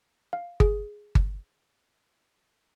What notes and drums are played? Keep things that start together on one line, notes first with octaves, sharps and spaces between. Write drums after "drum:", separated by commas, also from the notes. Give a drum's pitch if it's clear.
F5
G#4, drum: kick G1
drum: kick G1